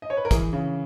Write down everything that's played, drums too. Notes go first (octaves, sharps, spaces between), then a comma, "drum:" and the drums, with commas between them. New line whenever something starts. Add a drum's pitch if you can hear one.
D#5
C#5
B4
A#4
E3 G#4, drum: kick, hi-hat
C#3